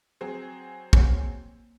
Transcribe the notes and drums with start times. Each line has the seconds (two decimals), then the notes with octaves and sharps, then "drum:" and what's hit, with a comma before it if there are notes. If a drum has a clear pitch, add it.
0.21 F#3 C4 G#4
0.93 A#3 C#5 F#5, drum: kick